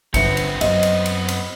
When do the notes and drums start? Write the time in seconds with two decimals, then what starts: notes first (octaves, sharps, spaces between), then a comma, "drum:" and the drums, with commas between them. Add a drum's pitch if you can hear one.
0.14 G1 B3 C4 C#7, drum: kick G#1, cymbal
0.37 drum: cymbal
0.61 F#2 D#5, drum: cymbal
0.83 drum: cymbal
1.06 drum: cymbal
1.28 drum: cymbal